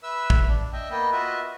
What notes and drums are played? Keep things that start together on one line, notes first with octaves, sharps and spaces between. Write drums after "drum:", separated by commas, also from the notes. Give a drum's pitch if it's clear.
B4 E5 E6
drum: kick
D4
D#5 E5 G5
A#3 B3 D#5 G5
F4 F#4 B4 D#5 E5